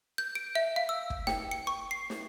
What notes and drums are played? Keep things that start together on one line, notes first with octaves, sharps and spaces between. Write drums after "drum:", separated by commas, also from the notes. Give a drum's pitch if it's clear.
G6
D7
E5
F5
E6
drum: kick
G5, drum: snare
C#7
C#6
C7
drum: snare